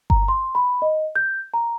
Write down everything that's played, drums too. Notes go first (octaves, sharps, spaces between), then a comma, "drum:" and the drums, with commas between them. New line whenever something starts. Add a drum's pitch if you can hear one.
A#5, drum: kick G1
C6
B5
D#5
G6
A#5